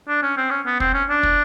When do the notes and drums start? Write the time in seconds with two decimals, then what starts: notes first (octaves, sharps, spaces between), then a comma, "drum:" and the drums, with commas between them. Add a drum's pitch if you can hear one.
0.08 D4
0.22 C#4
0.37 C4
0.51 C#4
0.66 B3
0.80 C4, drum: kick
0.94 C#4
1.09 D4
1.23 drum: kick